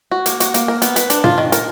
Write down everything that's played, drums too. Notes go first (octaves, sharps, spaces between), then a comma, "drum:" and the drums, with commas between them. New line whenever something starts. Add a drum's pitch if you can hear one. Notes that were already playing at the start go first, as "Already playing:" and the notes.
F#4
A#3, drum: hi-hat
F#4, drum: hi-hat
A#3, drum: hi-hat
A#4
B3, drum: hi-hat
B4, drum: hi-hat
D4, drum: hi-hat
F4, drum: tom
D#3
A#4, drum: hi-hat